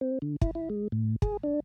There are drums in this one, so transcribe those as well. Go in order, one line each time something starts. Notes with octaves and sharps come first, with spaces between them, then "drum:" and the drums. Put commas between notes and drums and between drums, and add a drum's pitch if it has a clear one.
C4
D3
E4, drum: kick
E4
G#3
A2
G#4, drum: kick
D4